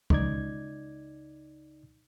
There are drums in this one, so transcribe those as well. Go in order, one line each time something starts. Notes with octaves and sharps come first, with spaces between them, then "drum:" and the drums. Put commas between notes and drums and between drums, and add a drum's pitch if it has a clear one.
C#2 D#4 D5 G#6, drum: kick C#2